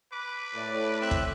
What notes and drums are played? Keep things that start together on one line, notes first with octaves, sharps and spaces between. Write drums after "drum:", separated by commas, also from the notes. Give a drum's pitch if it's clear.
B4 D6
A2 D5
C4 E5 F#6
drum: kick